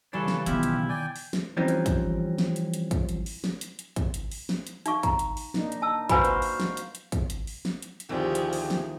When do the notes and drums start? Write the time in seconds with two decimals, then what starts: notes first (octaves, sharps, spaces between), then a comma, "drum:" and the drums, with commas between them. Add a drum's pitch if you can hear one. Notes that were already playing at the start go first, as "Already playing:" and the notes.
0.13 C#3 E3 G3 D4 A4 B4 C#5
0.28 drum: snare
0.46 B1 D#3 B3 E4 F4 G4, drum: hi-hat
0.63 drum: hi-hat
0.89 D5 G5 G#5
1.16 drum: open hi-hat
1.33 drum: snare
1.57 E3 F3 G3 C4 C#4 D#4
1.68 drum: hi-hat
1.86 drum: kick, hi-hat
2.38 drum: snare
2.56 drum: hi-hat
2.74 drum: hi-hat
2.91 drum: kick, hi-hat
3.09 drum: hi-hat
3.26 drum: open hi-hat
3.44 drum: snare
3.61 drum: hi-hat
3.79 drum: hi-hat
3.96 drum: kick, hi-hat
4.14 drum: hi-hat
4.31 drum: open hi-hat
4.49 drum: snare
4.67 drum: hi-hat
4.86 D#4 F5 C#6, drum: hi-hat
5.03 A#5, drum: kick, hi-hat
5.19 drum: hi-hat
5.37 drum: open hi-hat
5.54 A#3 D4 D#4, drum: snare
5.72 drum: hi-hat
5.82 A5 E6
6.09 F#4 B4 C5 F5 G#5 B5, drum: kick, hi-hat
6.25 drum: hi-hat
6.42 drum: open hi-hat
6.60 drum: snare
6.77 drum: hi-hat
6.95 drum: hi-hat
7.12 drum: kick, hi-hat
7.30 drum: hi-hat
7.47 drum: open hi-hat
7.65 drum: snare
7.82 drum: hi-hat
8.00 drum: hi-hat
8.09 D2 C3 D#3 F3 E4 G4 G#4
8.35 drum: hi-hat
8.53 drum: open hi-hat
8.70 drum: snare